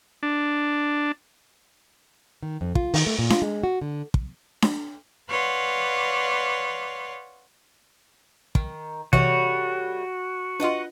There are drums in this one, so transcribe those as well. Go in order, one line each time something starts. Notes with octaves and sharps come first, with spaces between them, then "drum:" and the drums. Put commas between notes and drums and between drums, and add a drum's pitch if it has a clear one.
D4
D#3
F2
F4, drum: kick
D#3, drum: open hi-hat
A3
A#2
F4, drum: snare D4
G#3
F#4
D3
drum: kick
drum: snare D4
B4 C#5 D5 F5 F#5 C6
D#3, drum: kick
C3 E3 G3 A3 F#4 C#5, drum: kick
D4 F4 B4 D#5 F#5